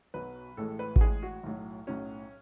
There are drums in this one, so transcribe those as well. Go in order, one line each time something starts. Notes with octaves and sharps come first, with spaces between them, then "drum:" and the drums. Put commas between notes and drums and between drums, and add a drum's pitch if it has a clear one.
B1 B2 F#3 B4
A1 A2 G#3 A4
B4
F#4, drum: kick G#1
A1 A2 G#3 G#4
F#4
B1 A2 F#3
B1 A2 F#3 C#4